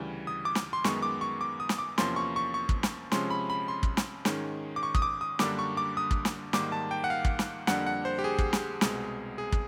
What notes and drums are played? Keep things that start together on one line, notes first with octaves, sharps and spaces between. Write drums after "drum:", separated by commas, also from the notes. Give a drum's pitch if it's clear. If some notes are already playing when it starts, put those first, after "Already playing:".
Already playing: D2 C#3 E3 G3
D#6
D6
drum: snare
C6
F#2 D#3 G#3 B3 C#6, drum: snare
D6
C#6
D6
D#6
drum: snare
D6
E2 C3 F3 A#3 C#4 C6, drum: snare
C#6
C#6
C#6
drum: kick
drum: snare
C3 F3 G#3 C#4 C6, drum: snare
B5
B5
C6
drum: kick
drum: snare
G#2 D#3 G#3 C#4, drum: snare
D6
C#6
D#6, drum: kick
D6
D#6
F#2 D3 G3 A#3 D4 D6, drum: snare
C#6
D6
D#6
drum: kick
drum: snare
G#2 D#3 G3 A#3 D6, drum: snare
A5
G5
F#5
F5
drum: kick
drum: snare
F2 D3 G3 A#3 D4 F#5, drum: snare
F#5
C5
G4
G#4
drum: kick
drum: snare
C2 B2 G#3 C4, drum: snare
G#4
drum: kick